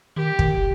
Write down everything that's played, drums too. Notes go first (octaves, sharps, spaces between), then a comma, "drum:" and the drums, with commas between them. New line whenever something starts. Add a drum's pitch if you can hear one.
D#3 G4
D#3, drum: kick